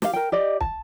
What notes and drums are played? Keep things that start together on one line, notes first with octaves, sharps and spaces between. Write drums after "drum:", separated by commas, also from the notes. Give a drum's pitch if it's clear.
G4 F5, drum: snare
A#4 G5
G4 D5 D#5
A5, drum: kick